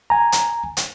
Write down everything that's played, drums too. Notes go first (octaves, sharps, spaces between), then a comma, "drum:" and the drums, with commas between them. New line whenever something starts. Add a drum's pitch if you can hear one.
G#5 A#5
drum: hi-hat
drum: hi-hat